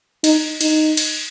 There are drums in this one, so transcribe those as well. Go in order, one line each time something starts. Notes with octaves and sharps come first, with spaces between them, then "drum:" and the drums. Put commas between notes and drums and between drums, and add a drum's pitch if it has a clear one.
D#4, drum: cymbal
D#4, drum: cymbal
drum: cymbal